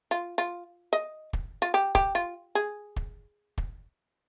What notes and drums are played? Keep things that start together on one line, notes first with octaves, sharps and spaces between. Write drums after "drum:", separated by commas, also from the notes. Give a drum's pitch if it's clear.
F4
F4
D#5
drum: kick
F4
G4
G4, drum: kick
F4
G#4
drum: kick
drum: kick